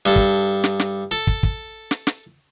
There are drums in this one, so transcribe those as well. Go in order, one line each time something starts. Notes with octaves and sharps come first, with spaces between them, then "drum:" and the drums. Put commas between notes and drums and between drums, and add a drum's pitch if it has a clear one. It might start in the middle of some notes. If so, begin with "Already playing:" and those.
G2 A4
drum: kick
drum: snare
drum: snare
A4
drum: kick
drum: kick
drum: snare
drum: snare